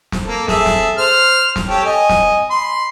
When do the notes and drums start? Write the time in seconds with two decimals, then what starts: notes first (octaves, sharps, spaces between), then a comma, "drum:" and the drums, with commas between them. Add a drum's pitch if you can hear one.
0.12 drum: snare
0.26 A#3 A4
0.48 G#4 A4 E5, drum: snare
0.66 drum: snare
0.98 C5 F6
1.56 drum: snare
1.68 G4 A4 C#5
1.85 D#5 G#5
2.09 drum: snare
2.50 B5 C6